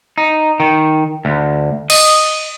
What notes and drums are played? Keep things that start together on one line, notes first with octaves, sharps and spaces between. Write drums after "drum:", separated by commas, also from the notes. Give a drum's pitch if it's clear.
D#4
D#3
D2
D#5, drum: cymbal